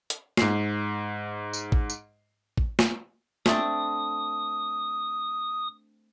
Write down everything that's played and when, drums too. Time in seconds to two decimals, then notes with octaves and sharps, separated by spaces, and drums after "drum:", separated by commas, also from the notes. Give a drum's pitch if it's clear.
0.10 drum: hi-hat
0.37 G#2 C7, drum: snare
1.53 drum: tambourine
1.72 drum: kick A1
1.90 drum: tambourine
2.58 drum: kick A1
2.79 drum: snare
3.46 A3 C4 D4 D#6, drum: snare